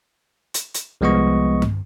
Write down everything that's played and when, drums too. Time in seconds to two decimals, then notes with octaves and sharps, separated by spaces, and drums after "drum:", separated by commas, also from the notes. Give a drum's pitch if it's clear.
0.54 drum: hi-hat
0.74 drum: hi-hat
1.01 C2 F3 G#3 B3 D#5 C#6
1.62 drum: tom G2